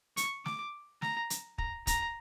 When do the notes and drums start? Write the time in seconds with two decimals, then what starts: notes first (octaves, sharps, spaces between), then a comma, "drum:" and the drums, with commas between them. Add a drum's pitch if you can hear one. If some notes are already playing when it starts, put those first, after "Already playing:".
0.17 C#6, drum: hi-hat
0.46 D6, drum: snare
1.02 A#5, drum: snare
1.30 drum: hi-hat
1.58 A#5, drum: kick
1.87 A#5, drum: kick, hi-hat